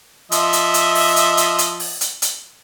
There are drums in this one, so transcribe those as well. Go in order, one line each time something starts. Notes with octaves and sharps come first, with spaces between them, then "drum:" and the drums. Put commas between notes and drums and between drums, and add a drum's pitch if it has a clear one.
F3 D#5 E5, drum: hi-hat
drum: hi-hat
drum: hi-hat
drum: open hi-hat
drum: hi-hat
drum: hi-hat
drum: hi-hat
drum: open hi-hat
drum: hi-hat
drum: hi-hat